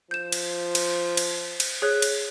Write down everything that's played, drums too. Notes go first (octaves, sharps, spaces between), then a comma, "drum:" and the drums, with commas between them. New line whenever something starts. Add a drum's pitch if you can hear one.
F3 G6 E7
drum: cymbal
drum: cymbal
drum: cymbal
drum: cymbal
G#4 C#5 F#6
drum: cymbal